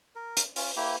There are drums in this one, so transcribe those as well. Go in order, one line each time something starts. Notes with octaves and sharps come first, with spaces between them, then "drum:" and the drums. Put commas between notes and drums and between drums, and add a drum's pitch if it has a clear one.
A#4
drum: hi-hat
C#4 F4, drum: open hi-hat
A#3 E4 G4